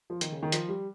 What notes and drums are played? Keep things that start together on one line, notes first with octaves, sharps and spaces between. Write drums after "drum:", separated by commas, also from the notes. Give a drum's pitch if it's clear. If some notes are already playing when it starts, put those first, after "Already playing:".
F3
D#3, drum: hi-hat
C#3
D#3
F3, drum: hi-hat
G3